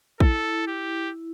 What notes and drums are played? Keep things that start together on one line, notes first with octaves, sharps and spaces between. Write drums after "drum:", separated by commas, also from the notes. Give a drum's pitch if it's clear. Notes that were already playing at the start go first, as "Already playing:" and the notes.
E4 A4, drum: kick
G4